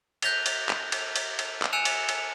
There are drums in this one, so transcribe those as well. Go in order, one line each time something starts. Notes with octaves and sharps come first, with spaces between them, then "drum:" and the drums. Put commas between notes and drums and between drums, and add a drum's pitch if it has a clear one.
F#6 G6 A#6 B6 F7 G7, drum: cymbal
drum: cymbal
drum: clap
drum: cymbal
drum: cymbal
drum: cymbal
drum: clap
G#5 E6 F#6 C#7 E7 F7
drum: cymbal
drum: cymbal